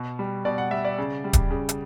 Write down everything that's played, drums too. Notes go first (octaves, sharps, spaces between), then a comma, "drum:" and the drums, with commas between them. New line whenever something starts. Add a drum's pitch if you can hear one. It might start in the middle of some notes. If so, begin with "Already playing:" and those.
Already playing: B2
G3
B2 D5
F#5
G3 E5
D5
C#3
G3
drum: kick D1, hi-hat
C#3
drum: hi-hat